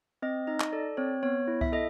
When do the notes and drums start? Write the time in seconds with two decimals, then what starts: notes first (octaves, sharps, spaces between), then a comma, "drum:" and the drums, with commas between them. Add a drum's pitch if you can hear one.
0.22 C4 D#5
0.47 D#4 D#5
0.60 drum: clap
0.72 A4 D5
0.97 C4 C#5
1.23 B3 C#5
1.48 E4
1.61 E5, drum: kick C2
1.72 A4 D#5